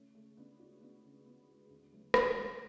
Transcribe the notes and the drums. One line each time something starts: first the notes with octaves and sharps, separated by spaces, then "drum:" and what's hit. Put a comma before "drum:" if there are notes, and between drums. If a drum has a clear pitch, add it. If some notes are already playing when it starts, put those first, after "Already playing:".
Already playing: C#2 A3 C#4
C#3 G#3 A3 C#4
C#2 B3 D4
C#3 G#3 D4 F#4
C#2 B3 D4
C#3 G#3
C#2 B3
C#3 G#3
D2
C#3 F#3 A3
D2 B3 D4, drum: rim click
C#3 F#3 A3 B3 D4